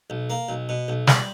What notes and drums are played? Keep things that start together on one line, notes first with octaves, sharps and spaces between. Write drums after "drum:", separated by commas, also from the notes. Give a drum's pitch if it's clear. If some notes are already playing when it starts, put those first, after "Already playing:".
B1
A#3
B1
B2
B1
G3, drum: snare